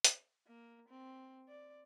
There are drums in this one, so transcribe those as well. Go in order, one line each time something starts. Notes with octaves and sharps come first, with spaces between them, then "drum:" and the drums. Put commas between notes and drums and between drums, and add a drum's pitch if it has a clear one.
drum: hi-hat
A#3
C4
D5